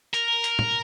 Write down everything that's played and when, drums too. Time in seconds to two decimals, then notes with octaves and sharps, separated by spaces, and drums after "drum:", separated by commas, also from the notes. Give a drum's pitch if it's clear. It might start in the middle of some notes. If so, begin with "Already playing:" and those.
0.14 A#4, drum: hi-hat
0.44 drum: hi-hat
0.59 drum: tom